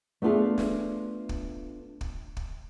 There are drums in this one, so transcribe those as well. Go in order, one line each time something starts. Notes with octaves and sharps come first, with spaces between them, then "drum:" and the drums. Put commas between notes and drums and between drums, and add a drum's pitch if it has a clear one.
A3 B3 D4 F4 G#4 E5
drum: snare
drum: kick
drum: kick
drum: kick